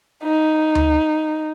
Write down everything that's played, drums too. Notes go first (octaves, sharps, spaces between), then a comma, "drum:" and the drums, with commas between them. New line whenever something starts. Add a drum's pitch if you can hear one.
D#4
drum: tom D2